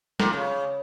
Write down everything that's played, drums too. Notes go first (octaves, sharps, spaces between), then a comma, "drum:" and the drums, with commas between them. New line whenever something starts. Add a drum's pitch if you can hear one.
A#2, drum: snare
C#3